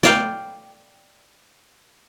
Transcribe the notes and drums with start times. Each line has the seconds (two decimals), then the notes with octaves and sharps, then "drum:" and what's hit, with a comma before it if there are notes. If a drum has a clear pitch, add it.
0.03 D5 F5 G5, drum: snare